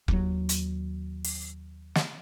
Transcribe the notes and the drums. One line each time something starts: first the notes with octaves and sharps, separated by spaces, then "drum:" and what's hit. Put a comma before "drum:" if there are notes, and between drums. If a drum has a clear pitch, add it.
D#2 F#3, drum: kick F1
drum: hi-hat
drum: open hi-hat
drum: snare